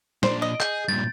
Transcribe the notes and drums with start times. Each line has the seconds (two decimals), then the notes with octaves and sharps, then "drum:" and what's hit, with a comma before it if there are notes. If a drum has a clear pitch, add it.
0.23 A#2 D4 C5, drum: snare
0.42 D#5
0.60 G#4 G6, drum: clap
0.89 G2 A#2 A6